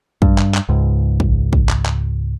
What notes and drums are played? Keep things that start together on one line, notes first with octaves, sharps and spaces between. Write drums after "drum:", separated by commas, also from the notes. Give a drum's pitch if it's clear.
G2, drum: kick
drum: clap
drum: clap
C#2 G#2
drum: kick
drum: kick
drum: clap
drum: clap